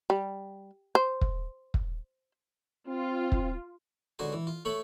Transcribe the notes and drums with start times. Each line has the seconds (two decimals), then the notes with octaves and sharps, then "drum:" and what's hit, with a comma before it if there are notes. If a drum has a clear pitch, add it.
0.10 G3
0.95 C5
1.21 drum: kick
1.74 drum: kick
2.87 C4 F4
3.32 drum: kick
4.19 C#2 D3 F#4 C5 G#5
4.33 E3
4.47 F4
4.65 A3 A4 C#5 B5 C#6